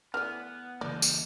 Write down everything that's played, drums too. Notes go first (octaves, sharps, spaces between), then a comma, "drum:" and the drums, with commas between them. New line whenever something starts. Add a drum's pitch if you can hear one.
E3 A3 B3 D5 F6
G#2 C#3 E3 A#3 D4 D#4 D5
drum: tambourine